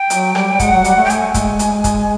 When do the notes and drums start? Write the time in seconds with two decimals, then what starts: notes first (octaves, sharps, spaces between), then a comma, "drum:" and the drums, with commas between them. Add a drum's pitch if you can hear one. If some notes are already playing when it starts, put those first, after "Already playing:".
Already playing: G5
0.10 F#3, drum: hi-hat
0.35 G3, drum: rim click
0.53 G3
0.59 G#3 F#5, drum: kick, hi-hat
0.72 F#3
0.84 G3, drum: hi-hat
0.97 A3
1.05 G5
1.10 A3 G#5, drum: hi-hat
1.34 G#3, drum: kick, hi-hat
1.59 drum: hi-hat
1.84 drum: kick, hi-hat